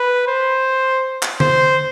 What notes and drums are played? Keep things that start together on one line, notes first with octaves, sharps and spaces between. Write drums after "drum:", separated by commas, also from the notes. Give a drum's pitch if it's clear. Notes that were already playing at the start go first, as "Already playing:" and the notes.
Already playing: B4
C5
drum: clap
C5, drum: tom D3